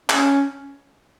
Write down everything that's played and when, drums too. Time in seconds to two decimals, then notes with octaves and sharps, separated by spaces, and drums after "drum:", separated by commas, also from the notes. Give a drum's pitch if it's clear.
0.10 C#4, drum: clap